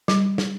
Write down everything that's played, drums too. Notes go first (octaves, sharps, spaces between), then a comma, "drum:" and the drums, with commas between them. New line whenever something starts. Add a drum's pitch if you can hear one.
G3, drum: snare
drum: snare